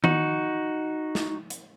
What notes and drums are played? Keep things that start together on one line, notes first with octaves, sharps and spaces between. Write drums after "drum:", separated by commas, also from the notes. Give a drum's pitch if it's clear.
D#4 F#4, drum: tom D#3
drum: snare
drum: hi-hat